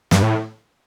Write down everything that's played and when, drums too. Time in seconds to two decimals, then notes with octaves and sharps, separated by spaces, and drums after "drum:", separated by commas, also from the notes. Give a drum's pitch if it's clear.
0.11 G2, drum: snare
0.23 A2